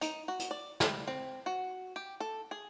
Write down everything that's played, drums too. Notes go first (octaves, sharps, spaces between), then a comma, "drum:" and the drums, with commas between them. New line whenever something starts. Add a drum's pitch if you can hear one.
D#4, drum: hi-hat
F#4
drum: hi-hat
D5
G3, drum: snare
C4
F#4
G4
A4
G#4